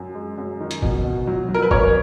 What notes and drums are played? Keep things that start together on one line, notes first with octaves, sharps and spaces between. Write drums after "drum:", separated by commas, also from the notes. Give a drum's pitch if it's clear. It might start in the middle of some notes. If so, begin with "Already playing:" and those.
Already playing: F#2
G#3
F#2
D#3
drum: hi-hat
B2, drum: kick
B2
F#3
F#3
A#4
B4
F#2 A#4 C#5, drum: kick